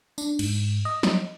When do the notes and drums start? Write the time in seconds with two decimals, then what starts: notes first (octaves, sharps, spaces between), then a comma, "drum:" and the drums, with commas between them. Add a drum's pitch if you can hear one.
0.18 D4, drum: tambourine
0.39 G#2, drum: cymbal
0.85 D#5
1.03 drum: snare